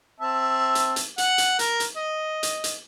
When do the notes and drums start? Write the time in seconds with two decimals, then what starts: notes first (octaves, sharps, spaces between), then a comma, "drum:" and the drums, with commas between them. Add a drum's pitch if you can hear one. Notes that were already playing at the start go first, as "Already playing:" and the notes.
0.20 C4 E5 A5
0.75 drum: hi-hat
0.96 drum: hi-hat
1.18 F#5, drum: hi-hat
1.38 drum: hi-hat
1.59 A#4, drum: hi-hat
1.80 drum: hi-hat
1.96 D#5
2.43 drum: hi-hat
2.64 drum: hi-hat